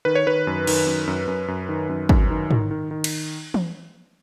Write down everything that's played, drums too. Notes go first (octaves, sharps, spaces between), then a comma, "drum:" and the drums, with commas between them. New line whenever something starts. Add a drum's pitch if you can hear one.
D#3 B4
C#5
D#3 B4
F#2
D#3, drum: cymbal
F#2
F#2
F#2
F#2
D#3
F#2
F#2, drum: kick
D#3
D#3, drum: tom G#2
D#3
D#3
drum: cymbal
drum: tom E3